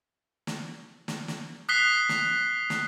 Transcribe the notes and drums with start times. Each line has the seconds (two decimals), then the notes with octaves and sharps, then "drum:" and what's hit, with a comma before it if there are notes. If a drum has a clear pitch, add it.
0.47 drum: snare
1.08 drum: snare
1.28 drum: snare
1.69 D#6 F#6 B6 C7 G7
2.09 drum: snare
2.70 drum: snare